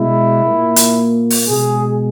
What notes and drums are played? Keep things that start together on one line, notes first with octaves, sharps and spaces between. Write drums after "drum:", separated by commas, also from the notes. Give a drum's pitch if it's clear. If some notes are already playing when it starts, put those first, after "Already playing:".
Already playing: B2 G#3 E4
A#2 A#3
drum: hi-hat
drum: open hi-hat
B2 G#3 G#4